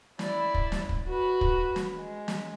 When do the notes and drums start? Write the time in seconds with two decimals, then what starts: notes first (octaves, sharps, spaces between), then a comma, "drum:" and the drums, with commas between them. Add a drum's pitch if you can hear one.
0.19 E4 D5, drum: snare
0.54 drum: kick
0.72 drum: snare
0.89 drum: kick
1.06 F#4 B4
1.41 drum: kick
1.76 drum: snare
1.98 G#3
2.28 drum: snare